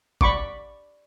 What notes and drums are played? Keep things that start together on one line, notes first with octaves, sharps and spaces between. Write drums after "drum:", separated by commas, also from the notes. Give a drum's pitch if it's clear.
D5 B5 C#6 D6, drum: kick